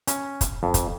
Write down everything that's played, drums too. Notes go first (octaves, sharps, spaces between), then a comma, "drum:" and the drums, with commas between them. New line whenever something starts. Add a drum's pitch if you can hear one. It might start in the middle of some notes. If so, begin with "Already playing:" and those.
C#4, drum: hi-hat
drum: kick, hi-hat
F2
drum: kick, hi-hat